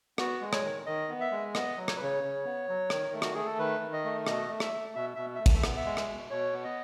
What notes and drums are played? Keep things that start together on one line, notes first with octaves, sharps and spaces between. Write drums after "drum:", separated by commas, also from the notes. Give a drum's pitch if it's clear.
B3 F#4, drum: rim click
G#3
C#5, drum: rim click
D#3
D#3 D#5
B3
E5
G#3
B3 D#5, drum: rim click
F#3
C#5, drum: rim click
B4
C#3 C#5
C#3
B3
F#3
D#3, drum: rim click
A3
F#4, drum: rim click
A3 G#4
A4
D#3 B4
D#3
D#5
A3
B2 D#5, drum: rim click
A3
E5, drum: rim click
A3
B2 E5
B2 E5
A3 E5
drum: kick, cymbal
E5
B3, drum: rim click
E5
G#3
drum: rim click
B2
B2 C#5
B3
D#5